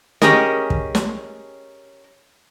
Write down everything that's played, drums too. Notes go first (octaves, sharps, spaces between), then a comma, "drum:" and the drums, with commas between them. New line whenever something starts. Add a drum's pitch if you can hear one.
C#4 G4 G#4 A#4 D#5, drum: snare
drum: kick
drum: snare